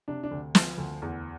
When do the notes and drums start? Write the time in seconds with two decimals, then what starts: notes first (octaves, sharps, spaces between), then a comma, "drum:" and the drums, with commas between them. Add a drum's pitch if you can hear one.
0.08 C3 D4
0.23 D4
0.31 D2
0.55 F3, drum: snare
0.78 D2
1.02 E2